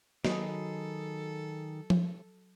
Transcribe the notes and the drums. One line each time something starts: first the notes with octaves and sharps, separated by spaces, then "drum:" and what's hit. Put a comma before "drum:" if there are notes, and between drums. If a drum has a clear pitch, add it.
D#3 F#3 G#4 A4 D#5 B5, drum: snare
drum: tom F3